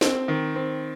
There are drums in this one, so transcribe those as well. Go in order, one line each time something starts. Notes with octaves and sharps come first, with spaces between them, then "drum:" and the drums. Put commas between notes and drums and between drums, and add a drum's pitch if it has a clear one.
C4, drum: snare
D#3
C4